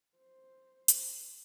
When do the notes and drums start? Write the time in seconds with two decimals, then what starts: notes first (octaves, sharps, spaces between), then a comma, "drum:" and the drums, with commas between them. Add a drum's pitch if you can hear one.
0.17 C5
0.88 drum: hi-hat